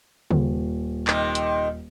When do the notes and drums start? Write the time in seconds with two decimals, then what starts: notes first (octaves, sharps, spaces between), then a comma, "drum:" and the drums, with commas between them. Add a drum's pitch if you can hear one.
0.31 D#1, drum: tom C#3
1.07 C3 D#3, drum: clap
1.35 drum: hi-hat